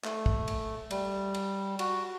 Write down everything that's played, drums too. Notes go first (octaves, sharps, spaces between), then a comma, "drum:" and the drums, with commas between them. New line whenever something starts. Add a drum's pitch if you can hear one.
A3, drum: clap
drum: kick
drum: cymbal
G3, drum: cymbal
drum: cymbal
F#4, drum: cymbal